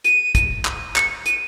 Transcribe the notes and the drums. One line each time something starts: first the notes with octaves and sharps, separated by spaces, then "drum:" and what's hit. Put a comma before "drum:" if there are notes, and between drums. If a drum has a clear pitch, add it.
D#7, drum: hi-hat
drum: kick, hi-hat
drum: clap
C#7, drum: clap
D#7, drum: hi-hat